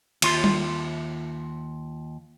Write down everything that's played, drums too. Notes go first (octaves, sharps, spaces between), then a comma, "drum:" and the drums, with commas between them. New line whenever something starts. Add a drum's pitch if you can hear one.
D#2 F4 C6, drum: cymbal
drum: tom G3